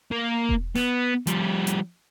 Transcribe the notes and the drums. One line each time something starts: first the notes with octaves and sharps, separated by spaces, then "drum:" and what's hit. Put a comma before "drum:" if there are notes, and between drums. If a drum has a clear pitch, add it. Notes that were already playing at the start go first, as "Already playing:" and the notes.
A#3
drum: kick E1
B3, drum: snare
F3 G3, drum: hi-hat
drum: hi-hat